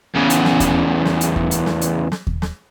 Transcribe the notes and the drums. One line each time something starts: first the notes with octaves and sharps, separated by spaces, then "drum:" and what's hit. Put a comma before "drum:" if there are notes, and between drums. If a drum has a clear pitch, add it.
E2 C#3
drum: hi-hat
drum: snare
drum: kick D#2, hi-hat
drum: snare
drum: hi-hat
drum: kick D#2
drum: hi-hat
drum: snare
drum: hi-hat
drum: snare
drum: kick D#2
drum: snare